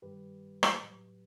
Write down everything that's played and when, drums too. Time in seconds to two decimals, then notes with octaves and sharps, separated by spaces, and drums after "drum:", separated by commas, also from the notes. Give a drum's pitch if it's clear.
0.02 G2 D#3 G3 G4 B4
0.63 drum: rim click
0.83 A2 F#3